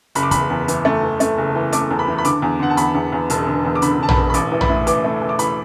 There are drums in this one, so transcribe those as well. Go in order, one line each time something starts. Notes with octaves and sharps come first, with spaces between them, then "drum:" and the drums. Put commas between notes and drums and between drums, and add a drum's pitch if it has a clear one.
F#1 B5, drum: hi-hat
D6
E2 B5, drum: kick, hi-hat
E2
E3, drum: hi-hat
A3
E3
A3, drum: hi-hat
F#1
E3
A3 D6, drum: hi-hat
E2
B5
E3
B5
D3 D6, drum: hi-hat
E2
D3 F#5
A5
E2 B5, drum: hi-hat
E2
E2
E1 A5, drum: hi-hat
D3
E2
D6
D3 B5, drum: hi-hat
D3 A5
B5, drum: tom A#1
E1
B5
A1 D6, drum: hi-hat
E3
B5, drum: tom A#1
A2
E3 D6, drum: hi-hat
A3
E3
D6
E3 B5, drum: hi-hat